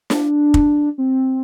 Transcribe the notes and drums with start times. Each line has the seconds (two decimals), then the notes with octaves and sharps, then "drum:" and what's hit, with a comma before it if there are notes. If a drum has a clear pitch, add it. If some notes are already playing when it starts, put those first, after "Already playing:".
0.10 D4, drum: snare
0.54 drum: kick
0.98 C4